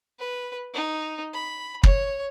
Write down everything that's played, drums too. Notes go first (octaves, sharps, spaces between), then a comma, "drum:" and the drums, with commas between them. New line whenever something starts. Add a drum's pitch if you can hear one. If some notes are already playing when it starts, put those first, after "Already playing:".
B4
D#4
B5
C#5, drum: kick